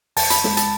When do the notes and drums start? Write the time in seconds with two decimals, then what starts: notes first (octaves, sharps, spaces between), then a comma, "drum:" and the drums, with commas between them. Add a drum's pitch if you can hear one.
0.17 E2 A5, drum: open hi-hat
0.30 B5, drum: hi-hat
0.44 G#3, drum: snare
0.57 A5, drum: hi-hat